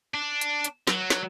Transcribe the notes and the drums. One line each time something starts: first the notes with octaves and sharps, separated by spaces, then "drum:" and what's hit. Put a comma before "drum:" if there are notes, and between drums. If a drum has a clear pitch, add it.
D4
drum: hi-hat
drum: hi-hat
F#3, drum: snare
drum: snare